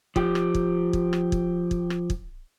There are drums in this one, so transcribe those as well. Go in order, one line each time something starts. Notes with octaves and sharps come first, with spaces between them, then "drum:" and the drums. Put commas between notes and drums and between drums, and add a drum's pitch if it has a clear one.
F3 G4, drum: kick
drum: rim click
drum: kick
drum: kick
drum: rim click
drum: kick
drum: kick
drum: rim click
drum: kick